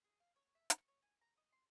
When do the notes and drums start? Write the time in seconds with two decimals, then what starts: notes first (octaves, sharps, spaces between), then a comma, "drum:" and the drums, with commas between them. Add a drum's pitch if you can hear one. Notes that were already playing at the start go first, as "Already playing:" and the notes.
0.04 G#4
0.20 F5
0.36 C#5
0.55 E5
0.70 C#6, drum: hi-hat
0.88 C#5
1.02 G#5
1.21 A#5
1.37 D#5
1.52 C6